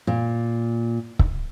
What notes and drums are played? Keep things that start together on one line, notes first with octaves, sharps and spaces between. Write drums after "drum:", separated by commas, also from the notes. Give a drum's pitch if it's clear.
A#2
drum: kick C#1